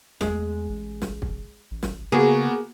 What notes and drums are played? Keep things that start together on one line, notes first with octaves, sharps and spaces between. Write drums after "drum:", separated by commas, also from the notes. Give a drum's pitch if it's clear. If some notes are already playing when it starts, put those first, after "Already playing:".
E2 G#3, drum: snare
A1
drum: snare
drum: kick
A1
drum: snare
C#3 A#3 B3 F#4 G#4